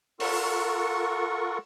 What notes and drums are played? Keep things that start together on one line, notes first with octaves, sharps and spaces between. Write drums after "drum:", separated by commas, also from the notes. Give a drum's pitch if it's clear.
F4 A4 A#4 F#5 C#6, drum: open hi-hat